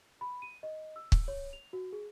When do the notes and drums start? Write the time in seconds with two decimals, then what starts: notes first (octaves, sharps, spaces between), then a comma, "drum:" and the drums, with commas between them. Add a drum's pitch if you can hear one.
0.21 B5
0.42 D#7
0.63 D#5
0.96 E6
1.12 drum: kick
1.28 C#5
1.53 F7
1.73 F#4
1.93 G#4